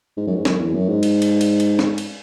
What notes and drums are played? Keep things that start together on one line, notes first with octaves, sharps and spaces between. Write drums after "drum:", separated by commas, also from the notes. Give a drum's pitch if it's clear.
G#2
F#2
G#2
F#2, drum: snare
E2
F#2
G#2
drum: cymbal
drum: cymbal
drum: cymbal
drum: cymbal
drum: snare
drum: cymbal